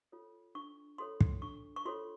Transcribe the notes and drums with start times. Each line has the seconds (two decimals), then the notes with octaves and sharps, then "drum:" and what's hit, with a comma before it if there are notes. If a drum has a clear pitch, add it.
0.12 F4 A4 C#5
0.55 D4 C#6
0.98 F4 A4 C#5 C6
1.20 drum: kick
1.42 D4 C#6
1.76 C#6
1.85 F4 A4 C#5 C6